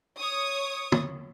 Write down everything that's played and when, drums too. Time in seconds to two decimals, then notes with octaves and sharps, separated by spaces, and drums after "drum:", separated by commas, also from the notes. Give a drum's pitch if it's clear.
0.19 C#5 D#6
0.92 drum: tom